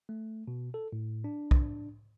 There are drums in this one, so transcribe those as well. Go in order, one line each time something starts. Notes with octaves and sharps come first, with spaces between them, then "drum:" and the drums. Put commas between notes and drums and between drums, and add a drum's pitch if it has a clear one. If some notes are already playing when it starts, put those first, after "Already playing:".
A3
B2
A4
A2
D4
drum: kick B1